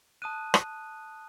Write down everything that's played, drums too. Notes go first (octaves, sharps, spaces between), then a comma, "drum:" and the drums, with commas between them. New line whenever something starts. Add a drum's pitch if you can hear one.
A5 D#6 F#6 D#7
drum: rim click